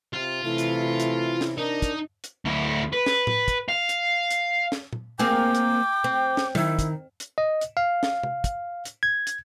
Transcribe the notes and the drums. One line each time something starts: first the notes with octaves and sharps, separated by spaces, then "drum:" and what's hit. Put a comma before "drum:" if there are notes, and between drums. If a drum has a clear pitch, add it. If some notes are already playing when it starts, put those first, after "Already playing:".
C3 F4
C3 E3 A3 E4
drum: hi-hat
drum: hi-hat
drum: snare
D4 D#4 A#4
drum: kick, hi-hat
drum: hi-hat
D2 E4
B4
drum: snare
drum: tom A2
drum: kick, hi-hat
F5
drum: hi-hat
drum: hi-hat
drum: snare
drum: tom A#2
A#3 C4 G#4 G5 D6
drum: hi-hat
C4
drum: snare
D#3 E4, drum: tom F#3
drum: kick, hi-hat
drum: hi-hat
D#5
drum: hi-hat
F5
drum: snare
drum: tom
drum: kick, hi-hat
drum: hi-hat
G#6
drum: hi-hat